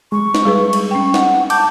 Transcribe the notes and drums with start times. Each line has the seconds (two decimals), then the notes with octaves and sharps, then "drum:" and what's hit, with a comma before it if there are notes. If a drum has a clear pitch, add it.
0.12 G#3 C#6
0.35 drum: snare
0.45 G3 G#4 B4
0.73 drum: cymbal
0.91 C#4 G5
1.14 F#5, drum: snare
1.50 A5 D6 G6, drum: cymbal